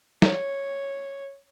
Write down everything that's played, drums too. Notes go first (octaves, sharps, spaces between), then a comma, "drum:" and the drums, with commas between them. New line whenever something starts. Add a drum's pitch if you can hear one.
C#5, drum: snare